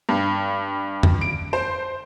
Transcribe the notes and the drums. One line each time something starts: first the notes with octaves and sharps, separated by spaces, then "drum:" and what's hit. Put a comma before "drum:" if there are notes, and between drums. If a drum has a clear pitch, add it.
G2
drum: tom F2
D7
C5